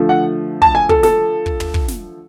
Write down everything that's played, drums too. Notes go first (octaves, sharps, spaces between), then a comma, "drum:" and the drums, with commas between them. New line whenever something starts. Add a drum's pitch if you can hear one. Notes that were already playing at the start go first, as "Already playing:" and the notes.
Already playing: D3 F3 A3
F#5
A5, drum: kick
G#5
A4, drum: kick
A4, drum: snare
drum: kick
drum: tom
drum: kick
drum: snare